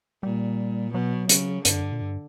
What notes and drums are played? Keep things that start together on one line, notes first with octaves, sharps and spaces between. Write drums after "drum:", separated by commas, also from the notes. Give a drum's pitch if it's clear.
A#2 G3
B2 F#3
C#3, drum: hi-hat
G2 D3, drum: hi-hat
F#2
G2
A#2
G2